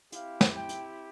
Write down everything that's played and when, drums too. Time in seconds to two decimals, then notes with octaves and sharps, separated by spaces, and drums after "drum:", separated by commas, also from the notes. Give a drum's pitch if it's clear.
0.12 C4 E4 G4 F5, drum: hi-hat
0.41 drum: snare
0.55 G5
0.69 drum: hi-hat